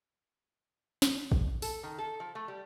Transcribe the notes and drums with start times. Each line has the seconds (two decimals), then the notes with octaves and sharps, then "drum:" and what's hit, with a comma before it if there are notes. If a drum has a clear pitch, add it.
1.02 drum: snare
1.32 drum: kick G#1
1.62 A4, drum: open hi-hat
1.83 D#3
1.98 A4
2.20 F3
2.35 A3
2.48 G3